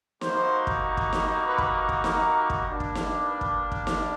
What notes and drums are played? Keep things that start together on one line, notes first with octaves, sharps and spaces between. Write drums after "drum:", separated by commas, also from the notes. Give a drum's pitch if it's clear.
G3 A#3 D#4 F#4 C5, drum: snare
drum: kick
drum: kick
drum: snare
B4
drum: kick
drum: kick
A#4, drum: snare
drum: kick
G3 A#3 D4
drum: kick
drum: snare
B4
drum: kick
drum: kick
drum: snare